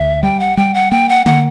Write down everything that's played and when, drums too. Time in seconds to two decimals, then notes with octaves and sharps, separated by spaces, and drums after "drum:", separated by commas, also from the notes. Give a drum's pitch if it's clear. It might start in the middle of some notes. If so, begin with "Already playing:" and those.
Already playing: D2 E5
0.23 G3 G5
0.40 F#5
0.57 G3 G5
0.74 F#5
0.91 A#3 G5
1.09 F#5
1.26 A#3 F#5, drum: tom D3